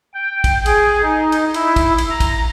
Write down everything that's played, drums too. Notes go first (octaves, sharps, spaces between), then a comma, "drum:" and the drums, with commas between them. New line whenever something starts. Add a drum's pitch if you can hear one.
G5
drum: kick, cymbal
G#4, drum: cymbal
D#4
drum: cymbal
E4, drum: cymbal
drum: kick, cymbal
drum: cymbal
A#5
drum: kick, cymbal